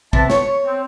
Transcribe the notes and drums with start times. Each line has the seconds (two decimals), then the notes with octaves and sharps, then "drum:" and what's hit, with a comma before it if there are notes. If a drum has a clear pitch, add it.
0.13 C3 B4 E5 A5, drum: kick
0.30 C#5 C#6, drum: snare
0.65 C4